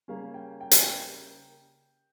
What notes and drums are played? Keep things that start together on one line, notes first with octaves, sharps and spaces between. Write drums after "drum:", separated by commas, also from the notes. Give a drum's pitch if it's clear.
C#3 G3 A#3 C#4 F5
G5
G5
G#5, drum: hi-hat
G5